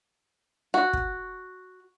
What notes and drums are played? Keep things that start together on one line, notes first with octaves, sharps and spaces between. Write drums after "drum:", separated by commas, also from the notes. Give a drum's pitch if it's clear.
F#4
drum: kick